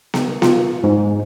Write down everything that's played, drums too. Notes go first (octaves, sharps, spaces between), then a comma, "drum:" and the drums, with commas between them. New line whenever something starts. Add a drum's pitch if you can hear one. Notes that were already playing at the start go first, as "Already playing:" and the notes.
drum: snare B3
F4, drum: snare B3
G#2